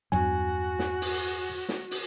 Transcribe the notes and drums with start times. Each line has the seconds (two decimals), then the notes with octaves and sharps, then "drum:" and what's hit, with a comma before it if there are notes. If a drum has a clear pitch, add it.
0.12 E2 G2 F#3 F#4 G#5
0.79 drum: snare
1.02 drum: open hi-hat
1.69 drum: snare
1.91 drum: open hi-hat